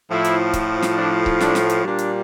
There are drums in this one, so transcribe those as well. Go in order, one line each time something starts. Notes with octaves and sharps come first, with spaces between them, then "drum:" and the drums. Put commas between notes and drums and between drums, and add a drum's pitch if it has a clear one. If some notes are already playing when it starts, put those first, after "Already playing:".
A2 F3 E4
drum: hi-hat
drum: kick C#1, hi-hat
drum: snare
D4
drum: kick C#1
D4, drum: snare
drum: snare
drum: hi-hat
A#2 G3 D4
drum: hi-hat